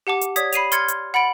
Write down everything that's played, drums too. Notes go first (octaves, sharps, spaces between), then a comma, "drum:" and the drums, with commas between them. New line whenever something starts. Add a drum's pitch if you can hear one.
G4 F#5 A5 D6
drum: hi-hat
C#5 D5 D#6 G#6 B6, drum: hi-hat
B5 C7 D#7 F7, drum: hi-hat
C6 F6 G#6 A6 C#7, drum: hi-hat
drum: hi-hat
F#5 B5 A6 D7 F#7